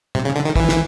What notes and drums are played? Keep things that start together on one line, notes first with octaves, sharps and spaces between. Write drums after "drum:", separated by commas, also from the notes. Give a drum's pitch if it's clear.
C3, drum: tom
C#3
D3
D#3
E3, drum: kick
drum: snare